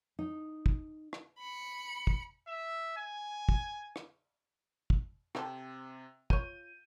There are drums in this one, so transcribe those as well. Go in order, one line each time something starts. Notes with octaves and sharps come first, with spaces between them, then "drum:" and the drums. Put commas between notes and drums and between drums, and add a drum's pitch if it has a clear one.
D#4
drum: kick
drum: rim click
B5 C#7
drum: kick
E5
G#5
drum: kick
drum: rim click
drum: kick
C3 C4 G4 A4, drum: rim click
F4 C#5 G6 D#7, drum: kick